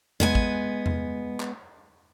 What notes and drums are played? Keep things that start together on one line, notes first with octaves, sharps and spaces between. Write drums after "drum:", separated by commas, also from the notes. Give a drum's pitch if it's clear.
G#3 B3 G#5, drum: tom E2
drum: kick
drum: tom E2
drum: clap